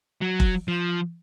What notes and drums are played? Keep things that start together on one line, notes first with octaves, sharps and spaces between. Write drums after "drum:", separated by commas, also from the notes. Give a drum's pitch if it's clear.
F#3
drum: kick F1
F3